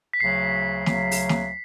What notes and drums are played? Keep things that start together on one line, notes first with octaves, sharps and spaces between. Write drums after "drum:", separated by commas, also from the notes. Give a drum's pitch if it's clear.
B6
D2 C#3 F#3 C7
D2 C#3 F#3, drum: snare
drum: open hi-hat
drum: snare